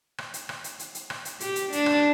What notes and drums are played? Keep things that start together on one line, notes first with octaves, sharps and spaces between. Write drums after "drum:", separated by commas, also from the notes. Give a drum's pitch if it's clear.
drum: rim click
drum: hi-hat
drum: rim click
drum: hi-hat
drum: hi-hat
drum: hi-hat
drum: rim click
drum: hi-hat
G4, drum: hi-hat
drum: hi-hat
D4, drum: hi-hat
drum: rim click